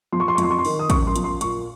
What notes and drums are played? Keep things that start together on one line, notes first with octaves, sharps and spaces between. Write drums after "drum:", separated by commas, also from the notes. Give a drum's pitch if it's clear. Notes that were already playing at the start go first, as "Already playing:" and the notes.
F3 C6
C#6
C6
C#6
F2, drum: hi-hat
C6
C#6
C6
D#3, drum: open hi-hat
D#6
F#2 C#6, drum: kick, hi-hat
C6
F3, drum: hi-hat
C6
A#2 C#6, drum: hi-hat